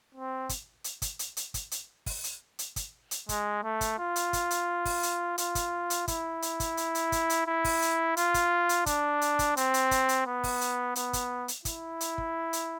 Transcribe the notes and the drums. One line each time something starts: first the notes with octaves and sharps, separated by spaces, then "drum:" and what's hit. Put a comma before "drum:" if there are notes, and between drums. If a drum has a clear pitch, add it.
C4
drum: kick, hi-hat
drum: hi-hat
drum: kick, hi-hat
drum: hi-hat
drum: hi-hat
drum: kick, hi-hat
drum: hi-hat
drum: kick, open hi-hat
drum: hi-hat
drum: hi-hat
drum: kick, hi-hat
drum: hi-hat
G#3, drum: kick, hi-hat
A3
drum: kick, hi-hat
F4
drum: hi-hat
drum: kick, hi-hat
drum: hi-hat
drum: kick, open hi-hat
drum: hi-hat
F4, drum: hi-hat
drum: kick, hi-hat
drum: hi-hat
E4, drum: kick, hi-hat
drum: hi-hat
drum: kick, hi-hat
drum: hi-hat
drum: hi-hat
drum: kick, hi-hat
drum: hi-hat
E4
drum: kick, open hi-hat
drum: hi-hat
F4, drum: hi-hat
drum: kick, hi-hat
drum: hi-hat
D4, drum: kick, hi-hat
drum: hi-hat
drum: kick, hi-hat
C4, drum: hi-hat
drum: hi-hat
drum: kick, hi-hat
drum: hi-hat
B3
drum: kick, open hi-hat
drum: hi-hat
B3, drum: hi-hat
drum: kick, hi-hat
drum: hi-hat
E4, drum: kick, hi-hat
drum: hi-hat
drum: kick
drum: hi-hat